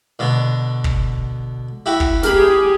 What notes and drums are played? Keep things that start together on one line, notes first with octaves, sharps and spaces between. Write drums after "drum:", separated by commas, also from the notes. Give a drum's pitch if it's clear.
B2 D3
drum: kick
E4 F#4 G4
drum: kick
G4 G#4 A#4 B5, drum: snare